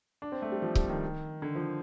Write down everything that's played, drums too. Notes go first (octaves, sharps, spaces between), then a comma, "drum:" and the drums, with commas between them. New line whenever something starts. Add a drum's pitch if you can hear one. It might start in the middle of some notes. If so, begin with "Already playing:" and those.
D4
C4
A3
G3
F3
G3, drum: kick C#1
D#3
D3
F3